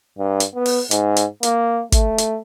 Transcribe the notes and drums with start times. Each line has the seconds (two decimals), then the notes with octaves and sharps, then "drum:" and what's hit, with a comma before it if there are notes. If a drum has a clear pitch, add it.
0.19 G2
0.40 drum: hi-hat
0.55 B3
0.66 drum: open hi-hat
0.91 G#2, drum: hi-hat
1.16 drum: hi-hat
1.43 A#3, drum: hi-hat
1.92 A3, drum: kick, hi-hat
2.18 drum: hi-hat